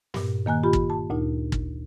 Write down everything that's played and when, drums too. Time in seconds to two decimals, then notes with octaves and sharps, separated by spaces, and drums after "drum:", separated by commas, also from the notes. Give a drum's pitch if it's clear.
0.14 G2 A#2, drum: snare
0.46 D#3 A#3 G#5 F#6
0.64 F4 G4 B5
0.73 drum: kick
0.90 A5
1.10 D2 A#2 D#4
1.52 drum: kick